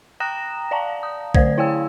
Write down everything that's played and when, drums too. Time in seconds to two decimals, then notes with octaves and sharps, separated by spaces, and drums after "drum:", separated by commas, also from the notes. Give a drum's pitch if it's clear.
0.20 G5 A#5 D#6 F#6 A#6 E7
0.71 D5 F5 A5 A#5
1.03 D#6
1.35 D3 A3 C5 D5 G#6, drum: kick B1
1.58 E4 C#5 F5 G5 G#5 E6